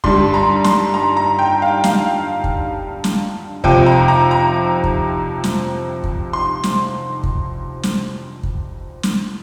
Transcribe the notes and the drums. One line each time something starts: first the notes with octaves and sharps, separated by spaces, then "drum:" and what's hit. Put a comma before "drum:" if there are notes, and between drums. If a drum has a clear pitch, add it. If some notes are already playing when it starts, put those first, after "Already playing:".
G2 D3 G3 C6, drum: kick
A#5
C6, drum: snare
A#5
A#5
G5
F5
F5, drum: snare
drum: kick
drum: snare
F2 C3 F3 G5, drum: kick
A#5
A#5
A#5
drum: kick
drum: snare
drum: kick
C6
drum: snare
drum: kick
drum: snare
drum: kick
drum: snare